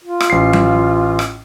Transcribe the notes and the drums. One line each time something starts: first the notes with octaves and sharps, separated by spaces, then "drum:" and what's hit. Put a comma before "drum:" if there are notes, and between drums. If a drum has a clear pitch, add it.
F4
drum: rim click
A1 C7
drum: tom F#3
drum: rim click